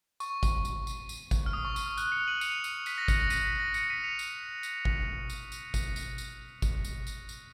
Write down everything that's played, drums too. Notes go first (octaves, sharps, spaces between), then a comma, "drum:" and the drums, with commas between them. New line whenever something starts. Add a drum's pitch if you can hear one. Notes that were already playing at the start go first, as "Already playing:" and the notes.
C#6, drum: tambourine
drum: kick G#1, tambourine
drum: tambourine
drum: tambourine
drum: tambourine
drum: kick G#1, tambourine
F6
D#6
C#6
D#6, drum: tambourine
F6
F#6, drum: tambourine
C#7 F7
D#7 F#7
C#7 F7, drum: tambourine
drum: tambourine
B6 D#7, drum: tambourine
A#6 C#7
A#6 C#7, drum: kick G#1, tambourine
A#6 C#7
B6 D#7, drum: tambourine
B6 D#7
A#6
A#6 C#7, drum: tambourine
B6 D#7
C#7 F7
drum: tambourine
drum: tambourine
drum: kick G#1
drum: tambourine
drum: tambourine
drum: kick G#1, tambourine
drum: tambourine
drum: tambourine
drum: kick G#1, tambourine
drum: tambourine
drum: tambourine
drum: tambourine